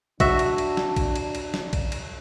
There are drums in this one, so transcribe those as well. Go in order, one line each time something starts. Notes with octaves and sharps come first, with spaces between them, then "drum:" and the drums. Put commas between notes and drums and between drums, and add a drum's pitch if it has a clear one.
D4 F#4 E5, drum: kick, cymbal
drum: cymbal
drum: cymbal
drum: snare
drum: kick, cymbal
drum: cymbal
drum: cymbal
drum: snare
drum: kick, cymbal
drum: cymbal